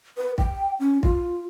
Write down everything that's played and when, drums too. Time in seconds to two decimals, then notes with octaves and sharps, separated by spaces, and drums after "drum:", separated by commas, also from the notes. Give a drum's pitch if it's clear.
0.18 B4
0.38 G5, drum: kick
0.80 C#4
1.03 F4, drum: kick